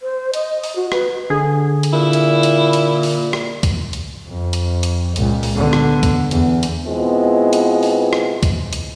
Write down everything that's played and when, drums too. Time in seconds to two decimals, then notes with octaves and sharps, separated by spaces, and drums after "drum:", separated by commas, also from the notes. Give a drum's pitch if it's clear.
0.01 C5
0.34 D#5, drum: hi-hat
0.64 drum: open hi-hat
0.76 F#4
0.92 B4, drum: rim click
1.30 D3 G#4
1.83 drum: hi-hat
1.93 A#2 E4
2.13 drum: hi-hat
2.43 drum: hi-hat
2.73 drum: hi-hat
3.03 drum: open hi-hat
3.33 drum: rim click
3.63 drum: kick, hi-hat
3.93 drum: hi-hat
4.28 F2
4.53 drum: hi-hat
4.83 drum: hi-hat
5.16 C#2 A#2, drum: hi-hat
5.43 drum: open hi-hat
5.56 D3 B3
5.73 drum: rim click
6.03 drum: kick, hi-hat
6.31 E2, drum: hi-hat
6.63 drum: hi-hat
6.86 B2 G#3 B3 C4 E4 F4
7.53 drum: hi-hat
7.83 drum: open hi-hat
8.13 drum: rim click
8.43 drum: kick, hi-hat
8.73 drum: hi-hat